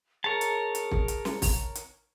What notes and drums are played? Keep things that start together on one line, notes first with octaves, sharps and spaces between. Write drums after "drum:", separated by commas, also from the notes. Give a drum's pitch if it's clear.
G#4 A#4 C#5 A5
drum: hi-hat
drum: hi-hat
drum: kick
drum: hi-hat
drum: snare
drum: kick, open hi-hat
drum: hi-hat